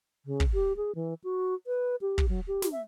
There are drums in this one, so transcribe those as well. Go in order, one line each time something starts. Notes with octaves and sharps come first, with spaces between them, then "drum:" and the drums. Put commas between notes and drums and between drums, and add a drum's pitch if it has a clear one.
C#3
drum: kick
G4
G#4
E3
F#4
B4
G4
drum: kick
F#3
G4
drum: snare
E5